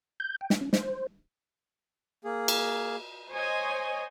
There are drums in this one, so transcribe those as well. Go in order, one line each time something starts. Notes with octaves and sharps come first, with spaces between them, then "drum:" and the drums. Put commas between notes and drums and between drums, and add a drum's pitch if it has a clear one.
G6
G5
drum: snare
C#4
C5, drum: snare
A#3 G#4
drum: cymbal
C5 C#5 D#5 G#5